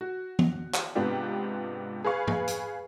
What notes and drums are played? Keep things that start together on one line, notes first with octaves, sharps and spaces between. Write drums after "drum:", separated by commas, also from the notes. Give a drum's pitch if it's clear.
F#4
drum: tom
drum: clap
G#2 C3 B3 D4 F4 G4
G#4 B4 F5 C#6
drum: tom
drum: hi-hat